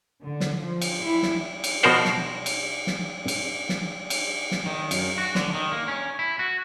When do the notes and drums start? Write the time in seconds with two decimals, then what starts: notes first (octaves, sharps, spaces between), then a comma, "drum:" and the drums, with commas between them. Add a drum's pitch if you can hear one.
0.22 D3
0.40 drum: snare
0.58 F3
0.81 drum: cymbal
1.02 E4
1.23 drum: snare
1.64 drum: cymbal
1.83 B2 F3 F#4 A#4 C5 F#5
2.05 drum: snare
2.46 drum: cymbal
2.87 drum: snare
3.28 drum: cymbal
3.69 drum: snare
4.10 drum: cymbal
4.51 drum: snare
4.66 D#3
4.91 F#2, drum: cymbal
5.18 F#4
5.35 D3, drum: snare
5.54 D#3
5.72 A#3
5.88 C#4
6.19 E4
6.39 F#4